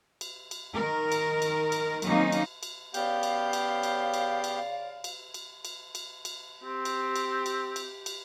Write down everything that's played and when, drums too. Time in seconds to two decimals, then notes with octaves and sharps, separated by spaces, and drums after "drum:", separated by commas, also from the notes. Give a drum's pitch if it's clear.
0.21 drum: cymbal
0.51 drum: cymbal
0.74 D#3 A#4
1.12 drum: cymbal
1.42 drum: cymbal
1.72 drum: cymbal
2.02 D#3 F#3 A#3 C4 C#4 D#4, drum: cymbal
2.32 drum: cymbal
2.63 drum: cymbal
2.94 C#3 B3 G4 D5 F5 G6, drum: cymbal
3.23 drum: cymbal
3.53 drum: cymbal
3.83 drum: cymbal
4.14 drum: cymbal
4.44 drum: cymbal
5.04 drum: cymbal
5.34 drum: cymbal
5.65 drum: cymbal
5.95 drum: cymbal
6.25 drum: cymbal
6.64 C4 G4
6.85 drum: cymbal
7.16 drum: cymbal
7.46 drum: cymbal
7.76 drum: cymbal
8.06 drum: cymbal